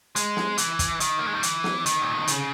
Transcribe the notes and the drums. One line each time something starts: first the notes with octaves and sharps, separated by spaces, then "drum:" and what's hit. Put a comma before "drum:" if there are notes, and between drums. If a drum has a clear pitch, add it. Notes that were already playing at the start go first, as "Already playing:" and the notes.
G#3, drum: hi-hat
drum: snare
E3, drum: hi-hat
drum: kick, hi-hat
D#3, drum: hi-hat
A#3
G#3
G3
E3, drum: hi-hat
drum: snare
D#3, drum: hi-hat
A#2
B2
C#3, drum: hi-hat